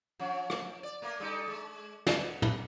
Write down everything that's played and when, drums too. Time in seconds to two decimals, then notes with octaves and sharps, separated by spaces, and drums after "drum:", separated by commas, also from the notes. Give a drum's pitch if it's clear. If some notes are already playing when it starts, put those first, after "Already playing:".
0.19 F3 C#4
0.50 drum: rim click
0.83 D5
1.02 A3 A#3 A#4
1.20 G3 D#4 A4
1.48 G#3
2.07 B2 D3, drum: snare
2.42 drum: tom